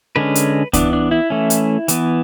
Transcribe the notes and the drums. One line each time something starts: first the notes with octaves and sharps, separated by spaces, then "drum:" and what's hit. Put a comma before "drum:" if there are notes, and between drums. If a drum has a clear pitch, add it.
D3 G#3 C#4 B4
drum: hi-hat
E3 B3 D4, drum: kick C#2, hi-hat
D4
E4
E3 A3 C#4
drum: hi-hat
E3 B3, drum: hi-hat